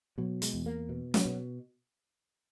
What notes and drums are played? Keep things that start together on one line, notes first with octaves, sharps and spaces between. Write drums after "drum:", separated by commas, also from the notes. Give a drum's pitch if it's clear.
B2 F#3
G#3, drum: hi-hat
E2
A#3
B2
F#3, drum: snare
B2